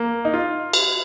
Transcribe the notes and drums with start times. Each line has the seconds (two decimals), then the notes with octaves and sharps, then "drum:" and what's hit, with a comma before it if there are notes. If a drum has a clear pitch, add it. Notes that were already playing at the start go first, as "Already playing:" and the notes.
Already playing: A#3
0.25 D#4
0.34 F4
0.73 drum: cymbal